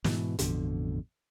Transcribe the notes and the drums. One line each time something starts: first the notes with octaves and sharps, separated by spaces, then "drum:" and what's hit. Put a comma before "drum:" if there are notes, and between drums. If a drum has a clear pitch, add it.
G#2 B2 E3, drum: snare
A1 F2 B2 D3, drum: hi-hat